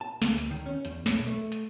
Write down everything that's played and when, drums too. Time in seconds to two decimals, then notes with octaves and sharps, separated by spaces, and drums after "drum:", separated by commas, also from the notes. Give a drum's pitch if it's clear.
0.01 A5
0.22 D2, drum: snare
0.38 drum: hi-hat
0.51 D#3
0.66 C#4
0.85 E2, drum: hi-hat
1.06 B1, drum: snare
1.27 A3
1.52 drum: hi-hat